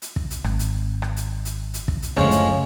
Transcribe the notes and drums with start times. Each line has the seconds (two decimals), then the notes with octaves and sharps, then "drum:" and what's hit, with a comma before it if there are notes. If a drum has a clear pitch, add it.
0.02 drum: hi-hat
0.16 drum: kick
0.30 drum: hi-hat
0.44 G#1, drum: rim click
0.59 drum: hi-hat
1.02 drum: rim click
1.16 drum: hi-hat
1.45 drum: hi-hat
1.74 drum: hi-hat
1.88 drum: kick
2.02 drum: hi-hat
2.17 F#1 D2 A2 F3 G#3 C#4, drum: rim click
2.31 drum: hi-hat